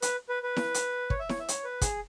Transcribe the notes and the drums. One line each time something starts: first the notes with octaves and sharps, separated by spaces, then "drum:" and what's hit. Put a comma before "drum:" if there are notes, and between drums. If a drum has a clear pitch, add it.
B4, drum: hi-hat
B4
B4
drum: snare E4
drum: hi-hat
C#5, drum: kick
E5
C#5, drum: snare E4
E5
C#5, drum: hi-hat
B4
G#4, drum: kick, hi-hat